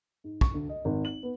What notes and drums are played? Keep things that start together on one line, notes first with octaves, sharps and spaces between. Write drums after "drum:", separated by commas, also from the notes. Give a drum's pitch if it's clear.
G#2
C#6, drum: kick
D2
D#5
G#1
F#7
B3